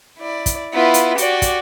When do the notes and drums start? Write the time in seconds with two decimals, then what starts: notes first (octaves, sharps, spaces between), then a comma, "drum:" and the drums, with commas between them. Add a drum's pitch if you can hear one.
0.17 E4 D5
0.46 drum: kick, hi-hat
0.74 B3 E4 F4
0.94 drum: hi-hat
1.18 F#4 G4 D5, drum: hi-hat
1.42 drum: kick, hi-hat